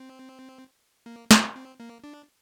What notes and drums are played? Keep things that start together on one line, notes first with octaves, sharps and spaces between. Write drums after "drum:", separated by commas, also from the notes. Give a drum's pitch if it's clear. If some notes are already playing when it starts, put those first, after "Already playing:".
Already playing: C4
A#3
C4, drum: snare
C4
A#3
D4